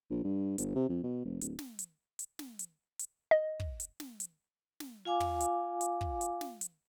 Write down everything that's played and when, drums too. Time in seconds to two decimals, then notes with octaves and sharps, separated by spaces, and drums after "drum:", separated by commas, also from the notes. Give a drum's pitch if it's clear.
0.10 A#1
0.24 G2
0.58 G1, drum: hi-hat
0.75 C3
0.89 F2
1.03 B2
1.25 F1
1.41 D1, drum: hi-hat
1.59 drum: snare
1.79 drum: hi-hat
2.19 drum: hi-hat
2.39 drum: snare
2.59 drum: hi-hat
2.99 drum: hi-hat
3.31 D#5
3.60 drum: kick
3.80 drum: hi-hat
4.00 drum: snare
4.20 drum: hi-hat
4.80 drum: snare
5.05 F4 F5 G#5 D6
5.20 drum: tom
5.40 drum: hi-hat
5.81 drum: hi-hat
6.01 drum: kick
6.21 drum: hi-hat
6.41 drum: snare
6.61 drum: hi-hat